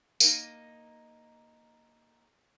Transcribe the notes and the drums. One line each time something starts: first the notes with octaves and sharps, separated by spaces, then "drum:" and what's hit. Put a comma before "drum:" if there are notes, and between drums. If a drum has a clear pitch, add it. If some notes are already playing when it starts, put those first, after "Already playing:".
A#3 D#4, drum: tambourine